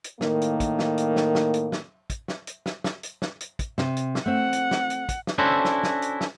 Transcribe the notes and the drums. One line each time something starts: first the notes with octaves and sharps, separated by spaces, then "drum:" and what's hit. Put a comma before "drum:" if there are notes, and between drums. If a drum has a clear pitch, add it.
drum: hi-hat
A2 D#3 A#3, drum: snare
drum: hi-hat
drum: kick, hi-hat
drum: snare
drum: hi-hat
drum: snare
drum: snare
drum: hi-hat
drum: snare
drum: kick, hi-hat
drum: snare
drum: hi-hat
drum: snare
drum: snare
drum: hi-hat
drum: snare
drum: hi-hat
drum: kick, hi-hat
C3, drum: snare
drum: hi-hat
drum: snare
A3 C4 F#5
drum: hi-hat
drum: snare
drum: hi-hat
drum: kick, hi-hat
drum: snare
C#4 D4 E4 F#4 A4 C5
drum: snare
drum: snare
drum: hi-hat
drum: snare